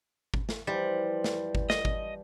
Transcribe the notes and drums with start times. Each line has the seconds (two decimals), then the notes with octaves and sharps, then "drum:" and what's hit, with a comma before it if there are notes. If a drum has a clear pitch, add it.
0.34 drum: kick G1
0.49 drum: snare
0.67 E3 F3 G3
1.24 drum: snare
1.55 drum: kick G1
1.70 D#5, drum: snare
1.85 drum: kick G1